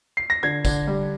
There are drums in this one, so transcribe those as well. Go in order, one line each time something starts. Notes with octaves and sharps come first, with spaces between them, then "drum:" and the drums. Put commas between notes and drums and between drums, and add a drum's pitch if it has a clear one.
C7
A#6
D3 G#6
D3, drum: kick, tambourine
G3